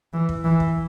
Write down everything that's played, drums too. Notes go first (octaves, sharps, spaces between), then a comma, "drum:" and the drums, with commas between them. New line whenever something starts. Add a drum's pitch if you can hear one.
E3
drum: kick
E3
drum: kick